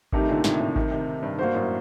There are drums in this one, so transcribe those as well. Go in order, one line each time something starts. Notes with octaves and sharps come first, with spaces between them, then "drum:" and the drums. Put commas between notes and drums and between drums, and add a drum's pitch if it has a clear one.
C3 D#3 A3 D#4 G4, drum: kick G#1
A#2 D3
A2 C3, drum: snare
A2 C3
C3 D#3, drum: kick G#1
C3 D#3
G2
G2 A#3 F#4 C5
F#2 A2